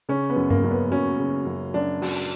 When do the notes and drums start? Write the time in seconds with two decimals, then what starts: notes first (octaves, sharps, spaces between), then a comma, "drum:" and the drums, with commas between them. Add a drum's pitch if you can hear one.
0.09 C#3 C#4
0.30 B3
0.36 F#2
0.50 A#3, drum: tom G2
0.64 F#2
0.71 B3
0.91 F#3 C#4
1.19 C#3
1.47 F#2
1.74 F#2 D4
2.02 F#3, drum: cymbal